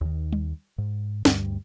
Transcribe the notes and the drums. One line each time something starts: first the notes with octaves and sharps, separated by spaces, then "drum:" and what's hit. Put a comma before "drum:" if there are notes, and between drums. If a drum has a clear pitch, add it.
D#2 D#3
drum: tom G3
G#2
D2 G2 G3, drum: snare